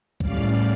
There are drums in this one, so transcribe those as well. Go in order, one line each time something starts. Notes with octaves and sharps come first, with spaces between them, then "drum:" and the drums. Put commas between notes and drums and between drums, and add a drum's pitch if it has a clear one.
A2 G3 C#4 D5 F5, drum: kick